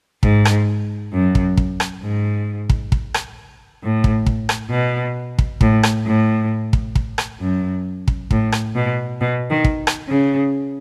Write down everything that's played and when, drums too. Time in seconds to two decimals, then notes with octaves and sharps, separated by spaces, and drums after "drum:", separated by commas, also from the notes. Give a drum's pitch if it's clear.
0.23 G#2, drum: kick
0.45 drum: rim click
1.13 F#2
1.35 drum: kick
1.57 drum: kick
1.80 drum: rim click
2.02 G#2
2.70 drum: kick
2.92 drum: kick
3.14 drum: rim click
3.81 A2
4.04 drum: kick
4.26 drum: kick
4.49 drum: rim click
4.71 B2
5.39 drum: kick
5.61 A2, drum: kick
5.83 drum: rim click
6.05 A2
6.73 drum: kick
6.95 drum: kick
7.18 drum: rim click
7.40 F#2
8.08 drum: kick
8.31 A2, drum: kick
8.52 drum: rim click
8.75 B2
9.20 B2
9.49 D#3
9.64 drum: kick
9.87 drum: rim click
10.09 C#3